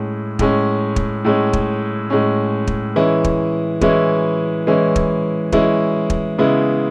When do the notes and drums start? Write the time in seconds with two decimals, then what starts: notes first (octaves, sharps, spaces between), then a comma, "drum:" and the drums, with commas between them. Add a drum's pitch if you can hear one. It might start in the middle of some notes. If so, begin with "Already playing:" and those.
Already playing: A2 G#3 C#4
0.39 A2 G#3 C#4, drum: kick
0.96 drum: kick
1.25 A2 G#3 C#4
1.53 drum: kick
2.10 A2 G#3 C#4
2.67 drum: kick
2.96 E3 G#3 C#4 E4
3.24 drum: kick
3.81 E3 G#3 C#4 E4, drum: kick
4.67 E3 G#3 C#4 E4
4.96 drum: kick
5.52 E3 G#3 C#4 E4, drum: kick
6.10 drum: kick
6.38 C#3 G#3 B3 E4